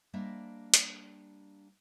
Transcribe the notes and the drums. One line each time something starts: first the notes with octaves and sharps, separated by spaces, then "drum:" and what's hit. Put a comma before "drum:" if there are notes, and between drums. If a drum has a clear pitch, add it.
G3 A#3 D4 C5 D#5 E5
drum: hi-hat